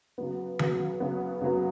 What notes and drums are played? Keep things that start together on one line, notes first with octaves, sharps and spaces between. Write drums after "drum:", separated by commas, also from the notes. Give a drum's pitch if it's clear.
C#3 F#3 B3
C#3 F#3 B3, drum: tom D#3
C#3 F#3 B3
C#3 F#3 B3